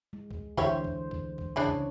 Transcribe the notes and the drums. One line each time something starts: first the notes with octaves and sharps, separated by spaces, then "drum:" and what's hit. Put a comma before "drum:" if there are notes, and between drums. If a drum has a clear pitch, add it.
G#3
drum: kick C#2
D3 E3 E4 G4 C5 C#5, drum: kick C#2
drum: kick C#2
drum: kick C#2
drum: kick C#2
C#3 D4 E4 G#4 C#5
drum: kick C#2